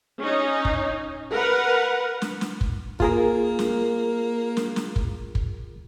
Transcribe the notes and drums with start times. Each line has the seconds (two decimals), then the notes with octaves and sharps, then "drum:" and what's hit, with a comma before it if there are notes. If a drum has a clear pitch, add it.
0.19 C#4 D#4
0.65 drum: kick
1.32 A#4 B4 F#5
2.22 drum: snare
2.41 drum: snare
2.61 drum: kick
3.00 A#3 F4 G#4 A#4, drum: kick
3.59 drum: snare
4.57 drum: snare
4.76 drum: snare
4.96 drum: kick
5.35 drum: kick